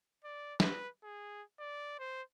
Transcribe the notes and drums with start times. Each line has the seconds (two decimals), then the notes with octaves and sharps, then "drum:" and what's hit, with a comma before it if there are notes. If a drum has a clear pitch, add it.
0.24 D5
0.60 B4, drum: snare
1.03 G#4
1.59 D5
1.99 C5